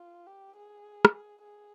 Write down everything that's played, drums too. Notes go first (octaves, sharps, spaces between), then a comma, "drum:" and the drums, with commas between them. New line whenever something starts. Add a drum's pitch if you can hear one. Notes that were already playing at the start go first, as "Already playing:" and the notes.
Already playing: F4
G4
G#4
drum: rim click
G#4